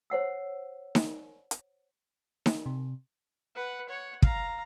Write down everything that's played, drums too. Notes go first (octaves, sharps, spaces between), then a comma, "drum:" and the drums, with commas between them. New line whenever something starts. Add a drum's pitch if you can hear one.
C5 C#5 F#5 E6
drum: snare D#4
drum: hi-hat
drum: snare D#4
C3
B4 F#5
C#5 F#5
F5 A#5, drum: kick